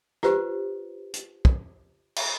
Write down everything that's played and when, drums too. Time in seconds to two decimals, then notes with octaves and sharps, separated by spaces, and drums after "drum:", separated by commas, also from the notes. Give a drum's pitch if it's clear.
0.23 F4 G4 B4 C5, drum: rim click
1.14 drum: hi-hat
1.45 drum: kick
2.16 drum: cymbal